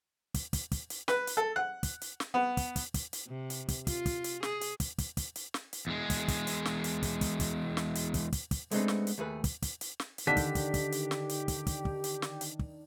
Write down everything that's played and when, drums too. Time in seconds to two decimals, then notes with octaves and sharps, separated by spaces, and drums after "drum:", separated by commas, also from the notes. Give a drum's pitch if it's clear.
0.34 drum: kick, hi-hat
0.53 drum: kick, hi-hat
0.72 drum: kick, hi-hat
0.90 drum: hi-hat
1.08 B4, drum: snare
1.27 drum: hi-hat
1.37 A4
1.56 F#5
1.83 drum: kick, hi-hat
2.01 drum: hi-hat
2.20 drum: snare
2.34 B3
2.57 drum: kick, hi-hat
2.76 drum: kick, hi-hat
2.94 drum: kick, hi-hat
3.13 drum: hi-hat
3.27 C3
3.50 drum: hi-hat
3.68 drum: kick, hi-hat
3.87 F4, drum: kick, hi-hat
4.06 drum: kick, hi-hat
4.24 drum: hi-hat
4.43 G#4, drum: snare
4.61 drum: hi-hat
4.80 drum: kick, hi-hat
4.98 drum: kick, hi-hat
5.17 drum: kick, hi-hat
5.36 drum: hi-hat
5.54 drum: snare
5.73 drum: hi-hat
5.87 E2 G#3
6.10 drum: kick, hi-hat
6.28 drum: kick, hi-hat
6.47 drum: hi-hat
6.65 drum: snare
6.84 drum: hi-hat
7.03 drum: kick, hi-hat
7.21 drum: kick, hi-hat
7.40 drum: kick, hi-hat
7.77 drum: snare
7.95 drum: hi-hat
8.14 drum: kick, hi-hat
8.32 drum: kick, hi-hat
8.51 drum: kick, hi-hat
8.71 G#3 A3 B3 C4 D4 D#4, drum: hi-hat
8.88 drum: snare
9.07 drum: hi-hat
9.18 D#2 A3 G#4 B4
9.44 drum: kick, hi-hat
9.62 drum: kick, hi-hat
9.81 drum: hi-hat
10.00 drum: snare
10.18 drum: hi-hat
10.27 D3 D#3 D4 G4 B6
10.37 drum: kick, hi-hat
10.55 drum: kick, hi-hat
10.74 drum: kick, hi-hat
10.92 drum: hi-hat
11.11 drum: snare
11.29 drum: hi-hat
11.48 drum: kick, hi-hat
11.67 drum: kick, hi-hat
11.85 drum: kick
12.04 drum: hi-hat
12.22 drum: snare
12.41 drum: hi-hat
12.59 drum: kick